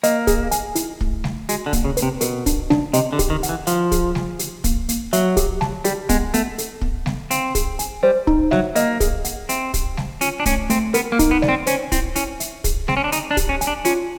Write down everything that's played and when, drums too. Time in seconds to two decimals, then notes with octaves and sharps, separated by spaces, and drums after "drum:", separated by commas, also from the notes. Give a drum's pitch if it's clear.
0.03 A#3 D#5, drum: hi-hat
0.27 G#4, drum: kick, hi-hat
0.51 G#5, drum: hi-hat
0.75 E4, drum: hi-hat
1.01 A3, drum: kick
1.24 A3, drum: snare G3
1.49 G#3 F#4, drum: hi-hat
1.66 D3
1.73 A#3, drum: kick, hi-hat
1.85 C#3
1.97 B4, drum: hi-hat
2.02 C3
2.21 B2 A#4, drum: hi-hat
2.46 D4, drum: kick, hi-hat
2.70 D4, drum: snare G3
2.93 C3 D#5, drum: hi-hat
3.13 D3
3.19 G4, drum: kick, hi-hat
3.30 D#3
3.43 F#5, drum: hi-hat
3.49 E3
3.67 F3 F5, drum: hi-hat
3.92 G#4, drum: kick, hi-hat
4.15 G#5, drum: snare G3
4.39 G4, drum: hi-hat
4.64 A#3, drum: kick, hi-hat
4.89 A#3, drum: hi-hat
5.13 F#3 E5, drum: hi-hat
5.37 G4, drum: kick, hi-hat
5.61 A5, drum: snare G3
5.84 G3 G4, drum: hi-hat
6.09 G#3 B3, drum: kick, hi-hat
6.34 A3 B3, drum: hi-hat
6.58 A4, drum: hi-hat
6.81 B3, drum: kick
7.06 B3, drum: snare G3
7.31 C4 F5, drum: hi-hat
7.55 G#4, drum: kick, hi-hat
7.79 G#5, drum: hi-hat
8.03 G3 C5
8.27 D#4, drum: kick
8.51 F#3 E5, drum: snare G3
8.75 A#3 D#5, drum: hi-hat
9.00 G#4, drum: kick, hi-hat
9.25 F#5, drum: hi-hat
9.49 C4 E5, drum: hi-hat
9.74 G4, drum: kick, hi-hat
9.97 A5, drum: snare G3
10.21 C#4 F4, drum: hi-hat
10.40 D4
10.46 A3 C#4, drum: kick, hi-hat
10.70 A3 C4, drum: hi-hat
10.94 B3 A#4, drum: hi-hat
11.12 A#3
11.19 D#4, drum: kick, hi-hat
11.31 B3
11.42 D5, drum: snare G3
11.49 C4
11.66 C#4 C5, drum: hi-hat
11.92 C4 E4, drum: kick, hi-hat
12.16 C#4 E4, drum: hi-hat
12.40 E5, drum: hi-hat
12.64 G#4, drum: kick, hi-hat
12.88 C4 G#4, drum: snare G3
12.97 C#4
13.04 D4
13.12 D#4 D#5, drum: hi-hat
13.31 D4
13.37 G4, drum: kick, hi-hat
13.49 C#4
13.61 G#5, drum: hi-hat
13.67 D4
13.85 C#4 F4, drum: hi-hat